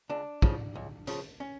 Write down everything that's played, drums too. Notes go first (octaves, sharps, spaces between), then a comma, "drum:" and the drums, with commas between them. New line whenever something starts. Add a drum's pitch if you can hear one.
C#2 D4
C#3 F3, drum: kick
C#2
C#3 F3, drum: hi-hat
C#4